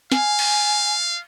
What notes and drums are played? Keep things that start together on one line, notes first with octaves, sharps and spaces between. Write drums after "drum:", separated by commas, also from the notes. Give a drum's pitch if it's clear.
F5 G#5, drum: snare
drum: cymbal